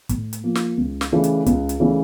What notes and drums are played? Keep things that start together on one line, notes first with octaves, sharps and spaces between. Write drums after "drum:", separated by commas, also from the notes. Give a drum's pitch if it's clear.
A2, drum: kick, hi-hat
drum: hi-hat
F3 A#3
drum: snare
C#2
drum: snare
C#3 E3 A3 D4
drum: hi-hat
C#2, drum: kick, hi-hat
drum: hi-hat
C#3 E3 A3 D4